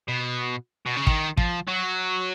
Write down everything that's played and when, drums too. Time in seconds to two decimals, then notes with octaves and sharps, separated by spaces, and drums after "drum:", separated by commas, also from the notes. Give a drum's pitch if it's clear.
0.08 B2
0.86 B2
0.97 C#3
1.07 D#3, drum: kick
1.37 F3, drum: kick
1.67 F#3